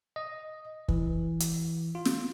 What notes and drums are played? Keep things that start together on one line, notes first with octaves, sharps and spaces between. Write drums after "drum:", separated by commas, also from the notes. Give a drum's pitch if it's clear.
D#5
E3, drum: kick
drum: hi-hat
F4
drum: snare